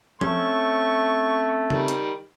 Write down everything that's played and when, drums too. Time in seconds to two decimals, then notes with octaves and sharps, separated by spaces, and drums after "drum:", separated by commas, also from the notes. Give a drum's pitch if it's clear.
0.21 A3 C4 C#4 C#6, drum: tom F3
1.70 D#3 G3, drum: tom C#3
1.88 drum: hi-hat